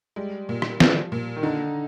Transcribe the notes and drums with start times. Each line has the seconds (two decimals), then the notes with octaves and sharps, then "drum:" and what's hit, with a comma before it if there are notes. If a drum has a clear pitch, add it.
0.16 G3 G#3
0.49 A#2
0.62 drum: rim click
0.80 F3, drum: snare
1.12 A#2
1.36 D#3
1.43 D3 D#4